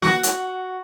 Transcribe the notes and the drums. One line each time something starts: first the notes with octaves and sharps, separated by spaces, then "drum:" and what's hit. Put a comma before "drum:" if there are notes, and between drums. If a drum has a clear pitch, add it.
F#4, drum: snare
drum: hi-hat